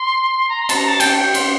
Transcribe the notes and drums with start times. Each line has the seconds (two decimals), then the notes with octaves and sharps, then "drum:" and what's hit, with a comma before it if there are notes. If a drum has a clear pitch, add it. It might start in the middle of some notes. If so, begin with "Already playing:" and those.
Already playing: C6
0.49 A#5
0.62 C6
0.69 A5, drum: cymbal
0.75 A#5
0.87 A5
1.00 G5, drum: cymbal
1.17 G5
1.34 C6, drum: cymbal